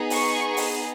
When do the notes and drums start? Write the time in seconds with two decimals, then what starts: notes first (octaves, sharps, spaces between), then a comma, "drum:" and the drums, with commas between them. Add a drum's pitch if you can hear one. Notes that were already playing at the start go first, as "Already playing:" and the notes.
Already playing: B3 D#4 G#4
0.10 C#6, drum: open hi-hat
0.57 drum: open hi-hat